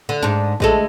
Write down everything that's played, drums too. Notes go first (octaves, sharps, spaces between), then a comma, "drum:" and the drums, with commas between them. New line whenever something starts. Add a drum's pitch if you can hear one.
D3
G#2 D4
D2 G#3 A4, drum: kick A1